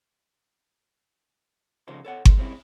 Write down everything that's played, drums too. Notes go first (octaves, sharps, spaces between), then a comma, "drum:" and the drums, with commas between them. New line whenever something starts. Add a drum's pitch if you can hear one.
C#2 C#3 F3 D#4 A4 C5
A4 C#5 F#5
D3 G#3 A3, drum: kick G1
G3 G#3 C4 C#4 E4